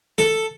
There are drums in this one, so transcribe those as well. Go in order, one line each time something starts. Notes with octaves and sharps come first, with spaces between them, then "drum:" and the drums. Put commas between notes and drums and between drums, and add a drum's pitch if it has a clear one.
A4, drum: snare